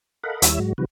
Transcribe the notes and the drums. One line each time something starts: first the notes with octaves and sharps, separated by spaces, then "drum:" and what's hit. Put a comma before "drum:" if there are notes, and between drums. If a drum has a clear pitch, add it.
A4 A#4 D#5 F5 F#5 B5
D#2 G3 E4 C#5 E5 E6, drum: hi-hat
G#2 F#3 G#3 F#4
C3 D#3 F3 G3 F#4 B4